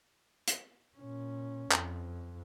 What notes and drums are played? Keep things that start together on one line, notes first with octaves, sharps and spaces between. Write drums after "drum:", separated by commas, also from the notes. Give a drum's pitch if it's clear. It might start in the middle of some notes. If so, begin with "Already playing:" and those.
drum: hi-hat
A#2 C#4
F2, drum: clap